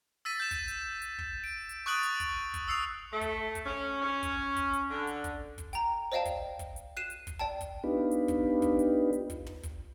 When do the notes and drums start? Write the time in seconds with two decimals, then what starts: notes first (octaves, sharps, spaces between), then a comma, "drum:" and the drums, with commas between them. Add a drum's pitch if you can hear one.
0.25 E6 A6 B6 D#7
0.40 G6 E7
0.51 drum: kick, hi-hat
0.68 drum: hi-hat
1.02 drum: hi-hat
1.19 drum: kick
1.44 D7
1.69 drum: hi-hat
1.86 C#6 D#6 F#6 A6 D7 F#7
2.03 drum: hi-hat
2.20 drum: kick, hi-hat
2.54 drum: kick, hi-hat
2.68 D#6 E6 C7 C#7 F7
3.11 A3
3.21 drum: kick, hi-hat
3.55 drum: kick, hi-hat
3.65 C#4
4.02 C#4
4.23 drum: kick, hi-hat
4.56 drum: kick, hi-hat
4.73 drum: hi-hat
4.90 D3
5.07 drum: hi-hat
5.24 drum: kick, hi-hat
5.58 drum: kick, hi-hat
5.73 G5 A#5, drum: hi-hat
6.12 C5 D5 D#5 F5 G5 A5
6.25 drum: kick, hi-hat
6.59 drum: kick, hi-hat
6.76 drum: hi-hat
6.97 F#6 C7 D#7 E7
7.10 drum: hi-hat
7.27 drum: kick, hi-hat
7.39 D5 G5 A5
7.61 drum: kick, hi-hat
7.84 B3 D4 D#4 F4 G4 B4
8.11 drum: hi-hat
8.28 drum: kick, hi-hat
8.62 drum: kick, hi-hat
8.79 drum: hi-hat
9.13 drum: hi-hat
9.30 drum: kick, hi-hat
9.46 drum: tom
9.63 drum: kick, hi-hat